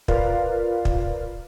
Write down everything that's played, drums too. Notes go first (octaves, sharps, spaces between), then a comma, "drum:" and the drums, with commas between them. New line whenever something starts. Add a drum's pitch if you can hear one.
F4 A#4 B4 D5 F5, drum: kick
drum: kick